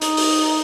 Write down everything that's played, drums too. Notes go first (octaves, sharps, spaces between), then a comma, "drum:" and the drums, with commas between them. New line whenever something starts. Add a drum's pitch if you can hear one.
D#4, drum: hi-hat
drum: open hi-hat